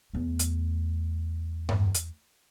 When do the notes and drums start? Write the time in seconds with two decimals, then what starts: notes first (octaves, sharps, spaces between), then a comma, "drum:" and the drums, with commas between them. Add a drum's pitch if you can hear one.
0.14 E2 A3
0.39 drum: hi-hat
1.69 drum: tom G2
1.95 drum: hi-hat